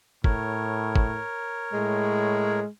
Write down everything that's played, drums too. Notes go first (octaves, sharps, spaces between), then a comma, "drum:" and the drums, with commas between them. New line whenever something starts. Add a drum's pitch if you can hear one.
A2 A#4 C#5, drum: kick
drum: kick
A2 G#3